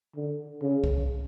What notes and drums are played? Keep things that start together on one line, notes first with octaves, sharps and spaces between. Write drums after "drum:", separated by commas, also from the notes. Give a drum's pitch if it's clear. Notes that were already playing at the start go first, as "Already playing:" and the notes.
D3
C#3
drum: kick C2